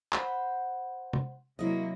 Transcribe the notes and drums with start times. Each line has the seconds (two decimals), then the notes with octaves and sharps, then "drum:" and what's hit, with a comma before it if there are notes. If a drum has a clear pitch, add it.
0.13 C5 F#5 B5, drum: clap
1.13 drum: tom
1.59 C3 F#3 A#3 E4 D#5